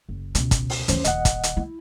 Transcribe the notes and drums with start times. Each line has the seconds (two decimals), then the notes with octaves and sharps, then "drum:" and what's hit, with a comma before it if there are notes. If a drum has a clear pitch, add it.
0.09 F#1
0.35 C#2 B2 C#4, drum: hi-hat
0.51 drum: kick, hi-hat
0.70 drum: open hi-hat
0.88 D#2 E3 F#3 C#4 C5, drum: hi-hat
1.04 D#1 D#3 D#5 F#5, drum: hi-hat
1.25 drum: kick, hi-hat
1.43 drum: hi-hat
1.57 E4